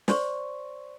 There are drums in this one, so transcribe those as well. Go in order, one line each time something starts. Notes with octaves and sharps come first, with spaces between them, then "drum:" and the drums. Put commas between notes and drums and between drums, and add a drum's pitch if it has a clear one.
C5 D5 C6 C#6, drum: snare